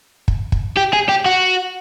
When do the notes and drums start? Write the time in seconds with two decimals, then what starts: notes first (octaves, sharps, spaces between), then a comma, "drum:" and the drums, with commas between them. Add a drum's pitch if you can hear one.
0.28 drum: kick
0.52 drum: kick
0.77 G4
0.93 G#4
1.09 G4
1.26 F#4